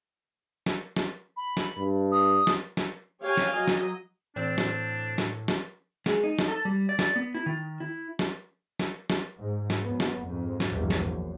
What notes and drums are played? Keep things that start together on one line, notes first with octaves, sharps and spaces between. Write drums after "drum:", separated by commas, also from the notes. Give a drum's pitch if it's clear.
drum: snare
drum: snare
B5
drum: snare
G2
D#6
drum: snare
drum: snare
G4 C#5 F5 G5 G#5
drum: snare
F#3 D#5
drum: snare
A2 E3 C4 D4
drum: snare
drum: snare
drum: snare
G#3, drum: snare
D#4
drum: snare
A4
G3
D5
drum: snare
B3
E4
D#3
E4
drum: snare
drum: snare
drum: snare
G#2
drum: snare
F#2 B3
drum: snare
F2 G#2
drum: snare
A#1 E2 G2
drum: snare
F#2